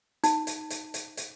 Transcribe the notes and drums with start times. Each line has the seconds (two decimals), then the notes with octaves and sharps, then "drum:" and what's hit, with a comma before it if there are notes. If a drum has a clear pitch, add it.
0.24 D#4, drum: hi-hat
0.47 drum: hi-hat
0.70 drum: hi-hat
0.94 drum: hi-hat
1.17 drum: hi-hat